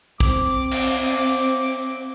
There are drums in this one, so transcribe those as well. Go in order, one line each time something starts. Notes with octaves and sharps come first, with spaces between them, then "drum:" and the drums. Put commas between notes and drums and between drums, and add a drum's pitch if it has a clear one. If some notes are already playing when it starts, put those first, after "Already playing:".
C4 D6, drum: kick
drum: cymbal
drum: cymbal